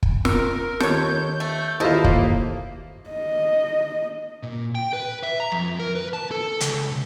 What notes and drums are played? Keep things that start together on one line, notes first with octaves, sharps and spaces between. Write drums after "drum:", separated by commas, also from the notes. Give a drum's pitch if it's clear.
drum: kick
A#4 E6, drum: snare
D#2 A4 C#5 G6, drum: snare
A3
A1 D#2 E4 F4 A4 C5 D#5 E5
A#3, drum: kick
D#5
A#2
G5
B4
E5
A#5
F2
A#4
B4
A5
A4
C#2, drum: hi-hat
C3